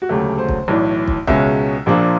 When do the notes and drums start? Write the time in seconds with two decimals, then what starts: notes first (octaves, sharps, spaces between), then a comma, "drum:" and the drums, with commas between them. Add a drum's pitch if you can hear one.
0.02 F#4
0.09 E1 D2 C#3 F#3 A3 G4
0.38 C5
0.49 drum: kick
0.68 B1 A2 E3 D5
1.08 drum: kick
1.27 C#2 B2 G#3 C#4 E5, drum: kick
1.86 A#1 A#2 F3 A#3 D4